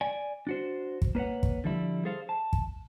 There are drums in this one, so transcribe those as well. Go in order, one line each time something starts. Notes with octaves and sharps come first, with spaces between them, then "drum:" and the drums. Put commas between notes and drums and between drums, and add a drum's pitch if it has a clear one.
D5 G#5
D4 F#4 C5
drum: kick
A#3 B4 C#5 F#5
drum: kick
D3 F3 G3 E4
G#4 A4 C5 F5
A5
drum: kick